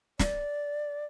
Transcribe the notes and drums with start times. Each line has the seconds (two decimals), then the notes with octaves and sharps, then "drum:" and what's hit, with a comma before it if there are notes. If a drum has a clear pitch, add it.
0.19 D5, drum: snare